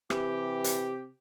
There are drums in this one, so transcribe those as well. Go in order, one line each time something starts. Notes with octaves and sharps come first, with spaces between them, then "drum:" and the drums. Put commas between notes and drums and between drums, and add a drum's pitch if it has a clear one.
C3 E3 G4, drum: rim click
drum: hi-hat